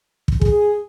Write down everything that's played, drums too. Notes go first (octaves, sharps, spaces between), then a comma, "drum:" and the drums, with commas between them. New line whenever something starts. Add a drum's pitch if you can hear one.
drum: kick
G#4, drum: kick